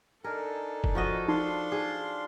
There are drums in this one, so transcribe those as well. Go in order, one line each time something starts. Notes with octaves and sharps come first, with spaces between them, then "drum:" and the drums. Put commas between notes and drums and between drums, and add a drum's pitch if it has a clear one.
D4 D#4 A4 A#4 G#5
drum: kick F1
F3 F#4 D#5
D4 D#4 F5 C6
G#4